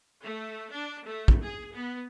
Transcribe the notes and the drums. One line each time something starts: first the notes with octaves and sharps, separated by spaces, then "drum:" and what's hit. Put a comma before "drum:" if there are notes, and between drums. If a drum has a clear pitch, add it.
A3
D4
A3
drum: kick
G#4
B3